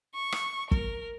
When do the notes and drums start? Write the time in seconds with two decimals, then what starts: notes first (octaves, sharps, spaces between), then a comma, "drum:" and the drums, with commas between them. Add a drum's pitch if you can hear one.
0.15 C#6
0.32 drum: rim click
0.71 A#4, drum: kick